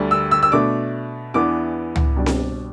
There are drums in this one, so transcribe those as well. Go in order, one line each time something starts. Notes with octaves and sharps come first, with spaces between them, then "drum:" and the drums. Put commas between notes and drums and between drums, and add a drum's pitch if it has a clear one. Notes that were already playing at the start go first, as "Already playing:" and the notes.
Already playing: D2 D3 G3 D4
E6
E6
E6
B2 A3 D4 D6
E2 E3 B3 D4 D6
drum: tom
B2 G3 D4
drum: snare C4